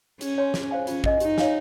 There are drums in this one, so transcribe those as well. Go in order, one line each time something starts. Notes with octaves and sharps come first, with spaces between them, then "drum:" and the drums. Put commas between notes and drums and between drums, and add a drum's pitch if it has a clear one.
C#4 G#4, drum: hi-hat
C#5 G#5 C6
G#4, drum: snare
C5 F5 G#5
C#4 F4, drum: hi-hat
G#4 D#5 G#5, drum: kick
D#4 G4, drum: hi-hat
C#5 F5 G#5, drum: snare